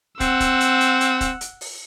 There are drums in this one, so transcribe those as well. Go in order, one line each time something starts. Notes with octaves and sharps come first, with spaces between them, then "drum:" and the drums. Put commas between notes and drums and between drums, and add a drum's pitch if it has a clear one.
C4 F#5 E6, drum: kick, hi-hat
drum: kick, hi-hat
drum: hi-hat
drum: hi-hat
drum: hi-hat
drum: kick, hi-hat
drum: hi-hat
drum: open hi-hat